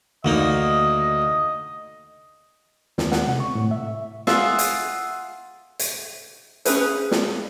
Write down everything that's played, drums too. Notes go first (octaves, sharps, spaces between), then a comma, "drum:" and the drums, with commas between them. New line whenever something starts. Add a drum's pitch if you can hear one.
D2 A#3 D#4 D#5
D#2, drum: snare
F#5, drum: snare
C3
C#6
A2
E5
F4 G#4 E5 F#5, drum: snare
drum: hi-hat
drum: hi-hat
C#4 F4 G#4 B4 C5, drum: hi-hat
drum: snare